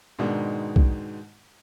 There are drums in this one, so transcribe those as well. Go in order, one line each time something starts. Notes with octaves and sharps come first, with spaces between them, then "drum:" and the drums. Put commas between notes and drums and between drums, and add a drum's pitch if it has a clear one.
G#2 B2 D#3 G#3 D4
drum: kick B1